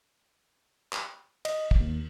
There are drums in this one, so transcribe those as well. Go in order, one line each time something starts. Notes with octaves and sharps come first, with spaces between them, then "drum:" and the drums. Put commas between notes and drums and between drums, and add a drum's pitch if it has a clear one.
drum: clap
D#5, drum: cymbal
drum: kick
D#2